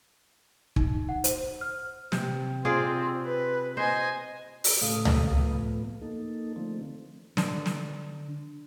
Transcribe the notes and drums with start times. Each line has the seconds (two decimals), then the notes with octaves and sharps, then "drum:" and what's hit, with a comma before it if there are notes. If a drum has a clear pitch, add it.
0.76 D#4, drum: kick
1.09 F#5
1.24 C5, drum: hi-hat
1.61 F6
2.12 C3, drum: snare
2.65 C4 F4 G#4 D5
3.25 B4
3.77 C5 D#5 G#5
4.64 drum: open hi-hat
4.81 A2 C#3 A3 A4 F5 D#6
5.05 drum: tom C#2
5.37 A2 F3 A3 B3
6.02 A#3 D#4 A4
6.56 D3 F3 A3 C4
7.37 D3, drum: snare
7.66 drum: snare